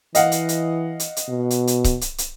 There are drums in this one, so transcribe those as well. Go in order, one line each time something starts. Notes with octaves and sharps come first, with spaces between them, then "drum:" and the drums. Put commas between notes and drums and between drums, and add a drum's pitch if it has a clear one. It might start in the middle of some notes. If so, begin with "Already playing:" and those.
E3 D#5 F5 F#5, drum: hi-hat
drum: hi-hat
drum: hi-hat
drum: hi-hat
drum: hi-hat
B2
drum: hi-hat
drum: hi-hat
drum: kick C#1, hi-hat
drum: hi-hat
drum: hi-hat